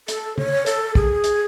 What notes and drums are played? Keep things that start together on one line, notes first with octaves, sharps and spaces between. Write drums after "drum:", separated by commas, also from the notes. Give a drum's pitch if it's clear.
A4, drum: hi-hat
C#5, drum: tom C#3
A4, drum: hi-hat
G#4, drum: kick
drum: hi-hat